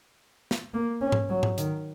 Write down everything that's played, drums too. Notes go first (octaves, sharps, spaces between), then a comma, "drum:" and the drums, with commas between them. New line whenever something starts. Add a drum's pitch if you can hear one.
drum: snare
A#3
C#4
drum: tom G#2
F#3
drum: tom G#2
D#3, drum: hi-hat